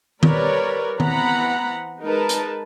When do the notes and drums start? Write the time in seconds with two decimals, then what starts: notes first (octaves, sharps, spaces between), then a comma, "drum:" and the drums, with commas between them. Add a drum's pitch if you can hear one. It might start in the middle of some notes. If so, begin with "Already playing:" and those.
0.23 G3 A#4 B4 C#5 D5, drum: tom D#3
1.00 E3 B3 C4 F#5 A#5 B5, drum: tom D#3
2.03 G#3 D#4 A#4 B4 A5
2.29 drum: hi-hat